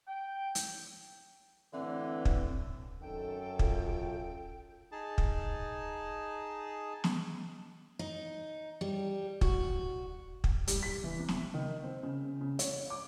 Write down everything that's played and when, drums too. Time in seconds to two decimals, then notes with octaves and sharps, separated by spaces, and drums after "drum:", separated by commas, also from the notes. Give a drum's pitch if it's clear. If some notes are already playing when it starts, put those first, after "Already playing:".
0.07 G5
0.55 drum: hi-hat
1.74 A2 D3 E3 C4
2.25 drum: kick
3.01 F#2 D#3 A4 G5
3.59 F4, drum: kick
4.92 D#4 G#4 A5
5.18 drum: kick
7.04 drum: snare
7.99 D#4
8.81 G3
9.41 F#4, drum: kick
10.44 drum: kick
10.68 G3, drum: hi-hat
10.83 B6
11.04 E3
11.19 C3
11.28 drum: snare
11.54 D#3
11.83 C4
12.03 C#3
12.41 C#3
12.59 C#5, drum: hi-hat
12.90 D6